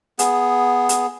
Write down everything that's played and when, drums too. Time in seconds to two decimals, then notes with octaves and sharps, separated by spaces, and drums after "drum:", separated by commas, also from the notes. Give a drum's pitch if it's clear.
0.19 B3 G#4, drum: hi-hat
0.89 drum: hi-hat